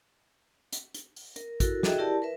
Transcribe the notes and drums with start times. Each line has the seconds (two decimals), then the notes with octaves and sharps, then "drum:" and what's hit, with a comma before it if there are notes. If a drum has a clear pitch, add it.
0.73 drum: hi-hat
0.94 drum: hi-hat
1.16 drum: open hi-hat
1.36 A#4, drum: hi-hat
1.60 E4 F#4 A4 A#4, drum: kick, hi-hat
1.83 F#4 G#4 A4 D#5 E5 G5, drum: snare
1.98 E4 G4 A#4 D5 A5
2.22 A#4 B4 E5